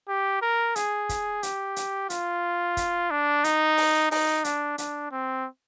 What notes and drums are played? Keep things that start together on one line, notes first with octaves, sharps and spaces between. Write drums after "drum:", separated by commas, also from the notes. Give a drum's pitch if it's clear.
G4
A#4
G#4, drum: hi-hat
drum: kick, hi-hat
G4, drum: hi-hat
drum: hi-hat
F4, drum: hi-hat
drum: kick, hi-hat
D4
D#4, drum: hi-hat
drum: open hi-hat
D#4, drum: open hi-hat
D4, drum: hi-hat
D4, drum: hi-hat
C4